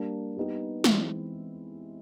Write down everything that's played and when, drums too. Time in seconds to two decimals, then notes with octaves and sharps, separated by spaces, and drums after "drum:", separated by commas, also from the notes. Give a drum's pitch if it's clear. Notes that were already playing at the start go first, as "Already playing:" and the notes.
Already playing: G3 A#3 D4
0.37 G3 B3 D#4 G4
0.84 E3 G#3 C4 E4, drum: snare